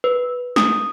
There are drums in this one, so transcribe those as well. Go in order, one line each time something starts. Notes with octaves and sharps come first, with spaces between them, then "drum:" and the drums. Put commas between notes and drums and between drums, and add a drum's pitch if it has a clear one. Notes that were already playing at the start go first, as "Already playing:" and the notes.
B4
D#6, drum: snare